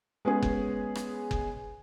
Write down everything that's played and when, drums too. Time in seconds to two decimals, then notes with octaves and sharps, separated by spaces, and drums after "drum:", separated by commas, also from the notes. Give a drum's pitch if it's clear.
0.25 G#3 B3 C#4 G#4
0.42 drum: kick F#1
0.95 drum: rim click
1.31 drum: kick F#1